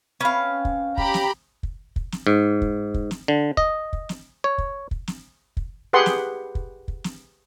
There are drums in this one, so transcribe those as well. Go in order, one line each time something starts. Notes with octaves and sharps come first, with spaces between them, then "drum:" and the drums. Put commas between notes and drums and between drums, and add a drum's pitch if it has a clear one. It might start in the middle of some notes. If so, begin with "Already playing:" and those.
C4 C#4 B4 F5
drum: kick
G4 A#5 B5, drum: kick
drum: snare
drum: kick
drum: kick
drum: snare
G#2
drum: kick
drum: kick
drum: snare
D3
D#5, drum: kick
drum: kick
drum: snare
C#5
drum: kick
drum: kick
drum: snare
drum: kick
G4 G#4 B4 F#5 C6
drum: snare
drum: kick
drum: kick
drum: snare